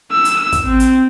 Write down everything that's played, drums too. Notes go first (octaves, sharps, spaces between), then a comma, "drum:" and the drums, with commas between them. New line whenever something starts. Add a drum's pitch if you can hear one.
E6
drum: hi-hat
drum: kick, hi-hat
C4
drum: hi-hat